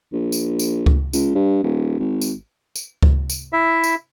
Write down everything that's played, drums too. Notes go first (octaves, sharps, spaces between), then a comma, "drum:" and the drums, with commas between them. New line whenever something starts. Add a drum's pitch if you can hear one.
A#1
drum: tambourine
drum: tambourine
drum: kick C#2
C#2, drum: tambourine
G2
D#1
G#1
drum: tambourine
drum: tambourine
drum: kick C#2
drum: tambourine
E4 E5
drum: tambourine